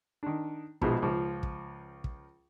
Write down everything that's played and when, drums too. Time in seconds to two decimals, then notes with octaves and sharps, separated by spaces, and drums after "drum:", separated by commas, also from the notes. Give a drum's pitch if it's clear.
0.23 D#3 D4
0.82 A#1 B2 F3 G#3, drum: kick
1.02 C#2 F3
1.43 drum: kick
2.04 drum: kick